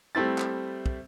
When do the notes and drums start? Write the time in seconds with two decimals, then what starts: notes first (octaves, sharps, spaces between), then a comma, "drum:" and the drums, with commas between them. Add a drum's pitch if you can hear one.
0.15 G3 A3 C4 E4 A6
0.38 drum: clap
0.86 drum: kick